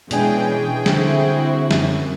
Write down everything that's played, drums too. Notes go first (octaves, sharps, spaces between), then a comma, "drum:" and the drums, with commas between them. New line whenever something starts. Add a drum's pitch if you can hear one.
B2 E3 G#3 C#4 D4 G#4 G5 G#5, drum: hi-hat
D3 C4 E4 F#4, drum: snare
F#2, drum: snare